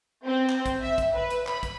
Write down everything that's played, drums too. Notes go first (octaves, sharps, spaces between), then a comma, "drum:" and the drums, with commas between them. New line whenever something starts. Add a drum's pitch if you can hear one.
C4
drum: clap
drum: kick, hi-hat
E5
drum: kick, hi-hat
B4
drum: hi-hat
B5, drum: clap
drum: kick, hi-hat